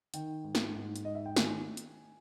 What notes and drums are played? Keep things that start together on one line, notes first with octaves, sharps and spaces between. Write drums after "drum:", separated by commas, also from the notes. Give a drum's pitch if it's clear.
D#3 G5, drum: hi-hat
G#2
drum: snare
G#2
drum: hi-hat
G#2 D#5
E5
G5
D#3 G#5, drum: snare
drum: hi-hat